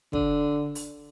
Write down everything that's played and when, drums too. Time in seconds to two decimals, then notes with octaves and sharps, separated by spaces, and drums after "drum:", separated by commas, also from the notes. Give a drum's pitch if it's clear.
0.13 D3, drum: kick
0.75 drum: open hi-hat